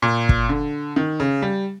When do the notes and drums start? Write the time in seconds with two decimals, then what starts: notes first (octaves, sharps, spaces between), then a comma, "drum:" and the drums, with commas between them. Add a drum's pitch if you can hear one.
0.02 A#2
0.29 drum: kick
0.49 D3
0.96 D#3
1.20 C#3
1.42 G3